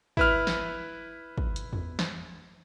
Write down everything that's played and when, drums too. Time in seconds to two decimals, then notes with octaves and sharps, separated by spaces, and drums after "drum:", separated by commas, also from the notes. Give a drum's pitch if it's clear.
0.17 E4 B4 F6, drum: kick
0.47 drum: snare
1.38 drum: kick
1.56 drum: hi-hat
1.73 drum: tom E2
1.99 drum: snare